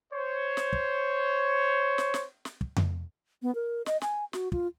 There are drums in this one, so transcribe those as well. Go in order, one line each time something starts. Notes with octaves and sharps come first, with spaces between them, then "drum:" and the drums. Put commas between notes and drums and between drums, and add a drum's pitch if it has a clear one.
C5 C#5
drum: snare
drum: kick
drum: snare
drum: snare
drum: snare
drum: kick
drum: tom F2
B3
A#4
D#5, drum: snare
G#5, drum: snare
F#4, drum: snare
F4, drum: kick